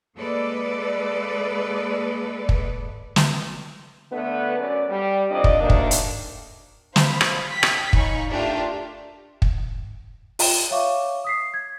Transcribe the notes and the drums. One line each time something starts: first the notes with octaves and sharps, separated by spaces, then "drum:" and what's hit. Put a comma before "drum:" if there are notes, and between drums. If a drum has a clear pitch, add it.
G#3 A#3 A4 B4 D5
drum: kick
drum: snare
D3 A3 B3 B4
F#2 D5
G3
F2 C3 D4 D5 D#5
drum: kick
D2 D#3 A#3 D4
drum: kick
drum: hi-hat
C5 F5 B5, drum: snare
drum: rim click
G5 B6
drum: rim click
D#4 C#5 F5 G#5 B5 C#6, drum: kick
A3 D4 F4 G4 A#4
drum: kick
F4 G5 E7, drum: open hi-hat
C#5 E5 F5 C#6 D6
D#6 B6 C7
G#6